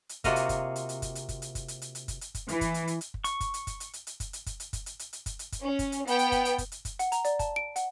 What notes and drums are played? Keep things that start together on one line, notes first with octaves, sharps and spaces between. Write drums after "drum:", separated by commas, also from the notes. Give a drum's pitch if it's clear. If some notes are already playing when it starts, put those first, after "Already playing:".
drum: hi-hat
C3 A#3 F4 F#4 D#5 F5, drum: kick, hi-hat
drum: hi-hat
drum: kick, hi-hat
drum: hi-hat
drum: hi-hat
drum: kick, hi-hat
drum: hi-hat
drum: kick, hi-hat
drum: hi-hat
drum: kick, hi-hat
drum: hi-hat
drum: hi-hat
drum: hi-hat
drum: kick, hi-hat
drum: hi-hat
drum: kick, hi-hat
E3, drum: hi-hat
drum: kick, hi-hat
drum: hi-hat
drum: hi-hat
drum: hi-hat
drum: kick
C#6, drum: hi-hat
drum: kick, hi-hat
drum: hi-hat
drum: kick, hi-hat
drum: hi-hat
drum: hi-hat
drum: hi-hat
drum: kick, hi-hat
drum: hi-hat
drum: kick, hi-hat
drum: hi-hat
drum: kick, hi-hat
drum: hi-hat
drum: hi-hat
drum: hi-hat
drum: kick, hi-hat
drum: hi-hat
drum: kick, hi-hat
C#4
drum: kick, hi-hat
drum: hi-hat
B3 G5, drum: hi-hat
drum: hi-hat
drum: kick, hi-hat
drum: hi-hat
drum: kick, hi-hat
drum: hi-hat
drum: kick, hi-hat
F#5, drum: hi-hat
A#5, drum: hi-hat
D5, drum: hi-hat
A5, drum: kick, hi-hat
D7
F#5, drum: hi-hat